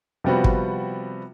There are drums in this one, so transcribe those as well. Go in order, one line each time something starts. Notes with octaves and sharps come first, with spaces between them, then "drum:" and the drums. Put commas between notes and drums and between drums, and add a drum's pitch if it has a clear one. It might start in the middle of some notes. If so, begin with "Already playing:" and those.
C3 F3 G3 B3 C4 F#4
drum: kick